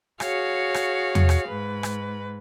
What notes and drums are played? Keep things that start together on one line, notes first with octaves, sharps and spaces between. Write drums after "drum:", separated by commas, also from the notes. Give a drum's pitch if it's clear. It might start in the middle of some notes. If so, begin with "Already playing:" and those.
F#4 G#4 C#5 F5, drum: rim click
drum: rim click
drum: tom E2
drum: rim click
G#2 B4
drum: rim click